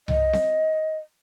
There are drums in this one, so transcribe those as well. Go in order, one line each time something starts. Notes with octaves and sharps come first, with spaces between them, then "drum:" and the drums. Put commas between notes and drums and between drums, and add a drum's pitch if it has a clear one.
D#5, drum: tom C2
drum: snare C4